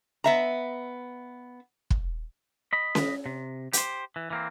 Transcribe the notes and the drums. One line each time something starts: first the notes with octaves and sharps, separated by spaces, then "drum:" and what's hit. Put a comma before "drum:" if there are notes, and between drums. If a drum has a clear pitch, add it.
B3 E5 A#5
drum: kick
D#5 B5
drum: snare C#4
C3
G4 C5, drum: hi-hat
E3
E3 A#3 C4